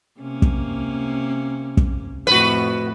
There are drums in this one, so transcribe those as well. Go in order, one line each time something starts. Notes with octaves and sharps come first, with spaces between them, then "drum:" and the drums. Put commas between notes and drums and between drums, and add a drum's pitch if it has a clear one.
C3 A#3 C#4
drum: kick
drum: kick
F2 A2 F#4 B4